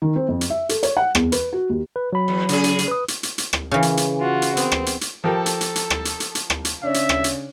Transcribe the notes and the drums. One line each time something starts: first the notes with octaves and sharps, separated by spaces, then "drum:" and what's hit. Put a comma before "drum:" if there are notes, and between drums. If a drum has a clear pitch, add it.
D#3
C4
F2
drum: hi-hat
E5
A4, drum: hi-hat
C#5, drum: hi-hat
F#5
E2, drum: rim click
B4, drum: hi-hat
F#4
D#2
B4
F#3 B5
E2
C#3 G#4, drum: hi-hat
drum: hi-hat
drum: hi-hat
B4 D#6
drum: hi-hat
drum: hi-hat
drum: hi-hat
drum: rim click
C#3 E3
drum: hi-hat
drum: hi-hat
F4 F#4
drum: hi-hat
B3 C4, drum: hi-hat
drum: rim click
drum: hi-hat
drum: hi-hat
F3 G4 A4 A#4
drum: hi-hat
drum: hi-hat
drum: hi-hat
drum: rim click
drum: hi-hat
drum: hi-hat
drum: hi-hat
drum: rim click
drum: hi-hat
C#3 C#4 D4 E5
drum: hi-hat
drum: rim click
drum: hi-hat